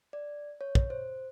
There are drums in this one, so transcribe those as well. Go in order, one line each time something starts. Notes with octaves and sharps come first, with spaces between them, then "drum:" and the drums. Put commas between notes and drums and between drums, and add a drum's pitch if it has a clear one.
D5
C#5
drum: kick
C5